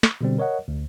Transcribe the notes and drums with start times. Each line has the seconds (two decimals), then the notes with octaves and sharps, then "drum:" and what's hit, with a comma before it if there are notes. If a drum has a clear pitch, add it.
0.03 drum: snare
0.21 B2 D3 G3 C4
0.38 A#4 C#5 D#5 F#5
0.68 D2